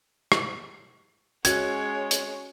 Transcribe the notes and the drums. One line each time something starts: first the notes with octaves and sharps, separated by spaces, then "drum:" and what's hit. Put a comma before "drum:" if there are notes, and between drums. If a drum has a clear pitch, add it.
drum: rim click
G#3 C#4 F#4 C#5 G#6, drum: hi-hat
drum: hi-hat